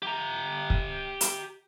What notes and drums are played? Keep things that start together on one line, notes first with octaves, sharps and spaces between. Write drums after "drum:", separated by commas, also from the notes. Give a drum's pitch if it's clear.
G4 A#5
drum: kick
drum: hi-hat